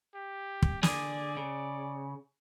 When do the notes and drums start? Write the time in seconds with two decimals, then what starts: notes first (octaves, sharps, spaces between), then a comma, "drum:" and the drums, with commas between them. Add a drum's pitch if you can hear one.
0.15 G4
0.62 drum: kick
0.83 D3 G#4 D5, drum: snare
1.37 C#3